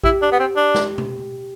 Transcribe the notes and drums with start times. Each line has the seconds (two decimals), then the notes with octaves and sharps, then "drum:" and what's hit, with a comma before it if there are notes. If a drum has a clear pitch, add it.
0.04 E4 G4, drum: kick A#1
0.22 D4
0.32 B3
0.40 C4
0.56 D4
0.74 drum: snare
0.98 drum: tom